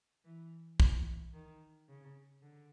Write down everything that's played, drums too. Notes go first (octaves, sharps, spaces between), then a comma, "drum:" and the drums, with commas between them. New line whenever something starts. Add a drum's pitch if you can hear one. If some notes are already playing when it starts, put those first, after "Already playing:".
E3
E3, drum: kick
D#3
C#3
D3